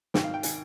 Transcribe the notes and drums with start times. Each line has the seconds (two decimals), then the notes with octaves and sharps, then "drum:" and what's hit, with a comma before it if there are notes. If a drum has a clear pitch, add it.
0.14 G#1 G#2 D#3 G5, drum: snare
0.24 F5
0.34 G5
0.43 D#3 G#5, drum: hi-hat